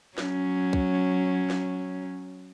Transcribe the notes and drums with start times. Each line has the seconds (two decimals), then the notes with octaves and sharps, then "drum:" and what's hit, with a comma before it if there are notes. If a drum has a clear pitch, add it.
0.18 F#3 C#4, drum: snare
0.73 drum: kick
1.50 drum: snare